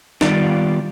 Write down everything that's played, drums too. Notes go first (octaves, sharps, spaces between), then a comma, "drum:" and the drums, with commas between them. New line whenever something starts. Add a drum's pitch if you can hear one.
D#3 G3 B3 F4 G4 D5, drum: snare